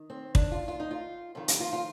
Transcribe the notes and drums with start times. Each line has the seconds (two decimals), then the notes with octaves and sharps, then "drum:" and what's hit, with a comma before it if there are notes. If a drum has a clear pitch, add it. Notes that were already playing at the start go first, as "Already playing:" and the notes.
Already playing: D#3
0.10 C4
0.35 D4, drum: kick
0.51 F4
0.68 F4
0.80 D#4
0.91 F4
1.35 F2 D#3 F4
1.48 G4, drum: hi-hat
1.60 F4
1.73 F4